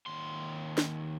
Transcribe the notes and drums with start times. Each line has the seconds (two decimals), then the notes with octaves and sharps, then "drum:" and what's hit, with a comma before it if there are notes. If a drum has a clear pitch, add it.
0.07 D#2 C6
0.78 drum: snare